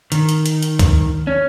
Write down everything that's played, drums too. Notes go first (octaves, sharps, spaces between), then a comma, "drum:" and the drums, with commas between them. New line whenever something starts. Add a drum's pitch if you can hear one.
D#3, drum: hi-hat
drum: hi-hat
drum: hi-hat
drum: hi-hat
drum: kick, hi-hat
C#4